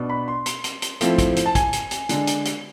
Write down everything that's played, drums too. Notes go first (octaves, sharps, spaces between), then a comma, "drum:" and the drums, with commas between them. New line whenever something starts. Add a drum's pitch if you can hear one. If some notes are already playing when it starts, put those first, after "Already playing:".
Already playing: B2 B3 D4
B5
C6
drum: hi-hat
drum: hi-hat
drum: hi-hat
F3 A3 C4 E4, drum: hi-hat
drum: kick, hi-hat
drum: hi-hat
A5
G#5, drum: kick, hi-hat
drum: hi-hat
drum: hi-hat
D3 G#3 D4, drum: hi-hat
drum: hi-hat
drum: hi-hat